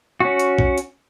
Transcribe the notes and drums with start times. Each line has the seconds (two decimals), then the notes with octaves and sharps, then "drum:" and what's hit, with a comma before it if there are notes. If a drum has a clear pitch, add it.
0.20 C#4 F#4
0.39 drum: hi-hat
0.59 drum: kick
0.78 drum: hi-hat